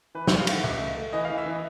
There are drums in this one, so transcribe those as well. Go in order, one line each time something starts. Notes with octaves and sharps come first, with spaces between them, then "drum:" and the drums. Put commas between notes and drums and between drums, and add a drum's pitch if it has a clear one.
E3 B4
E3 C5, drum: snare
F5
A3 F#5, drum: cymbal
C#2 E5
A3
A3
E3 D#5
F5
E3
E5
E3 D#5